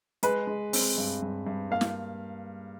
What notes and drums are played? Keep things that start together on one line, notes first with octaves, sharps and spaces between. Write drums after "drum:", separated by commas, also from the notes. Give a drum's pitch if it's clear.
G#3 B4, drum: hi-hat
G#3
C4, drum: open hi-hat
G2
G2
G2
A#3 F5
drum: snare